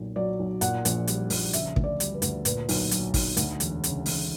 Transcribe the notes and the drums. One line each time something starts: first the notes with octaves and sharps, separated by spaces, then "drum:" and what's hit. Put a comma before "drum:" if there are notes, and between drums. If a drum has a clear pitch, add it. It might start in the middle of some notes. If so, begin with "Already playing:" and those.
Already playing: B1 A#2
F#3 D5
B1
A#2 F#5, drum: hi-hat
A#1, drum: hi-hat
G3, drum: hi-hat
A#1, drum: open hi-hat
C#3 E5, drum: hi-hat
D2, drum: kick
D5
G3, drum: hi-hat
B4
D2, drum: hi-hat
A#2 B4, drum: hi-hat
B1, drum: open hi-hat
F#3, drum: hi-hat
B1, drum: kick, open hi-hat
D2, drum: hi-hat
E1, drum: hi-hat
C#3, drum: hi-hat
E1, drum: open hi-hat